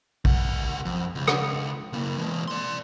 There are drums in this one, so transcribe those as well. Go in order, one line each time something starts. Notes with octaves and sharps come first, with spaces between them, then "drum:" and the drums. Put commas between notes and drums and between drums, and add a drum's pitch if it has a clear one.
C#2 F#5, drum: kick
F2
C#2
drum: rim click
C#3 A#3
E3 G#3
D5 C6